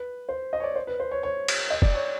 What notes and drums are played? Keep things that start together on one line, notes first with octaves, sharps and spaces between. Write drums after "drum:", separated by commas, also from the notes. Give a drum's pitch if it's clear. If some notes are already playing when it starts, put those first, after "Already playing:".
Already playing: B4
C5
D#5
C#5
D5
C5
B4
C5
C#5
C#5
drum: cymbal
D#5
D5, drum: kick
C#5